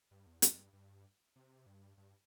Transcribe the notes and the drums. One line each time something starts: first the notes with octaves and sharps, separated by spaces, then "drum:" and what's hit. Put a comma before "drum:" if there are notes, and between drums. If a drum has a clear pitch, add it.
G2
E2
F2, drum: hi-hat
G2
G2
C3
G2
G2